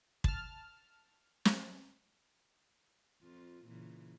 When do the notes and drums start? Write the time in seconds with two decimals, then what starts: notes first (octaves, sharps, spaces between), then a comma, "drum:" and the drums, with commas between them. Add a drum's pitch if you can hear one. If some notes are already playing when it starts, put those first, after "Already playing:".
0.24 A5 F6, drum: kick
1.45 drum: snare
3.22 F2 F4
3.65 A#2 C#3 E3